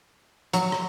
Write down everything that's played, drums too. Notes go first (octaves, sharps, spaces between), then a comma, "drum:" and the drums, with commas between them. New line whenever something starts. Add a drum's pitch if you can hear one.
F#3, drum: hi-hat
drum: rim click